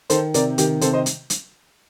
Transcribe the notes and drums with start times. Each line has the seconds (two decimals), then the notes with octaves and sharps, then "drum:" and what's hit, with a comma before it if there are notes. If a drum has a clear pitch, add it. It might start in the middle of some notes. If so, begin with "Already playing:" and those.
0.10 D#3 A4 C5, drum: hi-hat
0.34 C3 A#4 D5, drum: hi-hat
0.58 D#3 G4, drum: hi-hat
0.81 C3 A4 C5, drum: hi-hat
0.93 C5 D#5
1.06 drum: hi-hat
1.30 drum: hi-hat